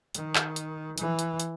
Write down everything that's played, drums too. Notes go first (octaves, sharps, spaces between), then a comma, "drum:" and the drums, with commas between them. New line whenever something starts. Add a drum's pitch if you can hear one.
D#3, drum: hi-hat
drum: clap
drum: hi-hat
E3, drum: hi-hat
drum: hi-hat
drum: hi-hat